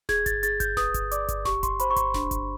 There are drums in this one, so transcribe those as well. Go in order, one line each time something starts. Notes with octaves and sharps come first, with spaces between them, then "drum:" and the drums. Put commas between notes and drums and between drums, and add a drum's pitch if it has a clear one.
G#4 G#6, drum: snare D#1
A6, drum: kick G1, hi-hat
G#4 A6, drum: hi-hat
G6, drum: kick G1, hi-hat
B4 D#6, drum: snare D#1
drum: kick G1, hi-hat
D5 D6, drum: hi-hat
drum: kick G1, hi-hat
G4 C#6, drum: snare D#1
C6, drum: kick G1, hi-hat
C5 B5, drum: hi-hat
C#6
C6, drum: kick G1, hi-hat
D4, drum: snare D#1
drum: kick G1, hi-hat